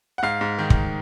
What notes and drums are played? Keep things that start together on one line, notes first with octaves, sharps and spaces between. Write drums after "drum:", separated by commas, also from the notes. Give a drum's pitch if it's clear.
F#5
G#2 F5
G#2
D#3
drum: kick